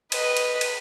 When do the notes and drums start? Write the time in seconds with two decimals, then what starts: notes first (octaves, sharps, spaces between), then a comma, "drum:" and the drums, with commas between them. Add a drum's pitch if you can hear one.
0.12 B4 D#5, drum: cymbal
0.37 drum: cymbal
0.61 drum: cymbal